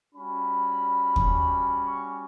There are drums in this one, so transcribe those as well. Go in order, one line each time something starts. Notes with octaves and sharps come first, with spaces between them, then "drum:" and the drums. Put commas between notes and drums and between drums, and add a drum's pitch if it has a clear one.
G3 C#4 F#4 B5
drum: kick
C#6